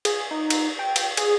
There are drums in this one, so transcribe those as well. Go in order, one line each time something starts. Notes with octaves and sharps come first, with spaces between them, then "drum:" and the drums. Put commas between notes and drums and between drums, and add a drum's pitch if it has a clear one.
G#4, drum: cymbal
D#4
drum: cymbal
G5
drum: cymbal
G#4, drum: cymbal